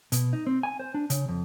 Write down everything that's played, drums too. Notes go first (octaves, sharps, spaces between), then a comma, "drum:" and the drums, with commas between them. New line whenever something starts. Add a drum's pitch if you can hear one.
B2, drum: hi-hat
D#4
C4
G#5
C5
D4
C#3, drum: hi-hat
F2